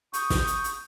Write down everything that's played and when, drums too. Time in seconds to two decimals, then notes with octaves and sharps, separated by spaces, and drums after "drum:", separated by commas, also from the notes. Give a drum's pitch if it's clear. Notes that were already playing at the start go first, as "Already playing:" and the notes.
0.13 C#6 D#6 G6, drum: hi-hat
0.30 drum: snare
0.47 drum: hi-hat
0.64 drum: hi-hat